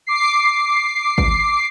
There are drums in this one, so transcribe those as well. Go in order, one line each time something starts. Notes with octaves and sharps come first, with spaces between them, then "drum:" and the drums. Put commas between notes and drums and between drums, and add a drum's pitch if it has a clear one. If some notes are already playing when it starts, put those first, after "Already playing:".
D6 C7
drum: kick G#1